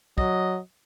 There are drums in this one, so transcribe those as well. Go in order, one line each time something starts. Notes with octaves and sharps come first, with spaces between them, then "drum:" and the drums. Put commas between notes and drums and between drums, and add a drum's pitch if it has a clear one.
F#3 D#5, drum: kick